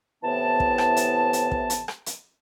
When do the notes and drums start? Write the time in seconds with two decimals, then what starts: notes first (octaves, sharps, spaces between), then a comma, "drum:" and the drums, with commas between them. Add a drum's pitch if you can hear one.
0.23 A2 C3 E3 B3 A5
0.60 drum: kick
0.78 drum: rim click
0.97 drum: hi-hat
1.33 drum: hi-hat
1.51 drum: kick
1.70 drum: hi-hat
1.88 drum: rim click
2.06 drum: hi-hat